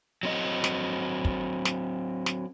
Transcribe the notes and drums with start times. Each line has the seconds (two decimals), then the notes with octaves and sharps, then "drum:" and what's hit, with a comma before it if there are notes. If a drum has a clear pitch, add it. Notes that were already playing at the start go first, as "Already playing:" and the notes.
0.23 F#3 C4 D#5
0.64 drum: snare
1.25 drum: kick
1.65 drum: snare
2.26 drum: snare